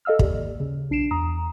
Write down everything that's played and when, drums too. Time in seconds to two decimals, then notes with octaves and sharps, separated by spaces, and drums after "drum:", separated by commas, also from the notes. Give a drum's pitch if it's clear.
0.05 A4 D#5 F5 E6 F6
0.19 D#2 G4 D5, drum: kick
0.60 C#3
0.90 B1 D4 C7 D7 E7
1.11 E2 A#5 D#6